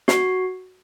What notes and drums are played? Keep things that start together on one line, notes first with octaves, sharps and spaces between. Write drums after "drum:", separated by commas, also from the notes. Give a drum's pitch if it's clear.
F#4, drum: snare